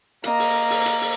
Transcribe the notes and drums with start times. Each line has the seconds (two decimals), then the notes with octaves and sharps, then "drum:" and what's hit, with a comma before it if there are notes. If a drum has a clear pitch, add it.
0.24 A#3 D#5, drum: hi-hat
0.39 drum: open hi-hat
0.70 drum: open hi-hat
0.86 drum: hi-hat
1.01 drum: open hi-hat